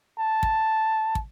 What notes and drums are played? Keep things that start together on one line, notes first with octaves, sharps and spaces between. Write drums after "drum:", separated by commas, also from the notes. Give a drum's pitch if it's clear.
A5
drum: kick
drum: kick